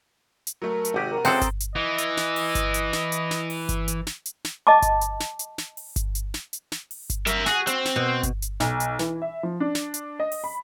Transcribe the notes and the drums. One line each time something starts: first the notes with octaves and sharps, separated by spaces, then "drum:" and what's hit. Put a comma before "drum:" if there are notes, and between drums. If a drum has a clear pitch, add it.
drum: hi-hat
F#3 A3 A#4
drum: hi-hat
G#1 C3 F#4 G4
A#4
C#2 C3 C4 A4 A#4 F#5 G5 D#6, drum: open hi-hat
drum: kick G1, hi-hat
drum: hi-hat
E3 D#5
drum: hi-hat
drum: snare
drum: open hi-hat
drum: kick G1, hi-hat
drum: hi-hat
drum: snare
drum: hi-hat
drum: snare
drum: open hi-hat
drum: kick G1, hi-hat
drum: hi-hat
drum: snare
drum: hi-hat
drum: snare
D#5 A5 D6
drum: kick G1, hi-hat
drum: hi-hat
drum: snare
drum: hi-hat
drum: snare
drum: open hi-hat
drum: kick G1, hi-hat
drum: hi-hat
drum: snare
drum: hi-hat
drum: snare
drum: open hi-hat
drum: kick G1, hi-hat
A#4 E5, drum: hi-hat
F#4 G#4, drum: snare
C4, drum: hi-hat
drum: snare
B2
drum: kick G1, hi-hat
drum: hi-hat
B1, drum: snare
drum: hi-hat
E3, drum: snare
E5
F3
D4
drum: snare
drum: hi-hat
D#5
drum: open hi-hat
B5